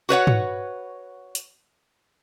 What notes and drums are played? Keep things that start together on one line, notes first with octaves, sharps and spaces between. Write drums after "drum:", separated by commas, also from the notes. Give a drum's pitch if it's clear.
F#4 B4 C#5 F#5
drum: tom
drum: hi-hat